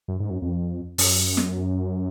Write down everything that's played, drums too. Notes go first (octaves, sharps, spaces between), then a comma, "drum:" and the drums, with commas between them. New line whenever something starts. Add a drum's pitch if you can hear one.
F#2
G#2
F#2
F2
F#2, drum: open hi-hat
drum: snare